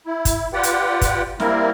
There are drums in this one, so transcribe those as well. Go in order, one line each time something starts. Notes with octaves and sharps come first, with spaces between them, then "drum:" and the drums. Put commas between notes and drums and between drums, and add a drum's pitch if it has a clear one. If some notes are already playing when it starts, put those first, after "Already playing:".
E4
drum: kick, hi-hat
F4 G4 B4 D5 F#5 G5
drum: hi-hat
drum: kick, hi-hat
G3 A#3 C4 E4 A#4, drum: snare